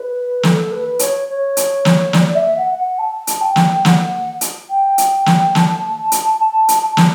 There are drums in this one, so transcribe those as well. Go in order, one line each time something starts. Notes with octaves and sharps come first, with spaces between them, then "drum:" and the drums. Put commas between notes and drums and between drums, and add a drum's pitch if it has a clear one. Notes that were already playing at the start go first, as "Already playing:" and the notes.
Already playing: B4
A4, drum: snare
B4
C#5, drum: hi-hat
C#5
drum: hi-hat
drum: snare
D5, drum: snare
E5
F#5
F#5
A5
drum: hi-hat
G5
drum: snare
F#5, drum: snare
drum: hi-hat
G5
drum: hi-hat
drum: snare
A5, drum: snare
drum: hi-hat
A5
drum: hi-hat
A5
drum: snare